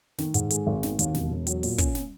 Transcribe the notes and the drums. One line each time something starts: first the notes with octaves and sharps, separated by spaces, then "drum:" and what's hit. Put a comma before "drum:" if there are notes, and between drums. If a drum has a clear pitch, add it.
D#3, drum: snare
G#2, drum: hi-hat
G#3, drum: hi-hat
G#1
D#3, drum: snare
D#2, drum: hi-hat
E1, drum: snare
E1
F#3, drum: hi-hat
A#2, drum: open hi-hat
C#4, drum: kick, hi-hat
drum: snare